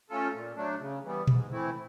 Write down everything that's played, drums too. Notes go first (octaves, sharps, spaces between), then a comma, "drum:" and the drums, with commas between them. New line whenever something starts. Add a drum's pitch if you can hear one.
A3 C#4 F4 A4
A#2
F#3 A3 D4
C#3
E3 G3 B3
G#2, drum: tom A#2
E3 A3 C4 E4